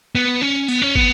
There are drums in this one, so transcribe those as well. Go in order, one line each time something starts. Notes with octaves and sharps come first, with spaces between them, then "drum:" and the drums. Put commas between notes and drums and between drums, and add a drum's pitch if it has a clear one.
B3
C#4
B3, drum: tambourine
C#4
B3, drum: kick